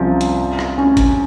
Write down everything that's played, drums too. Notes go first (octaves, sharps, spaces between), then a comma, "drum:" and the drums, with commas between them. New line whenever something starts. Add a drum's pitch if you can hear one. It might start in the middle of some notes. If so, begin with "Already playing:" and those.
Already playing: C2 C3 F3 C#4
drum: hi-hat
drum: rim click
C#4
drum: kick, hi-hat